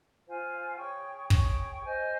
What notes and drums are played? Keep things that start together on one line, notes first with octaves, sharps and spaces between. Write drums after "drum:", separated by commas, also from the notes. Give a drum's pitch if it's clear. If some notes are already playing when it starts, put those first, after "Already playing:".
F4 C5 F5 G#5
G#4 C#5 G5 C#6
G#4 C#5 G5 C#6, drum: kick
C5 D#5 G#5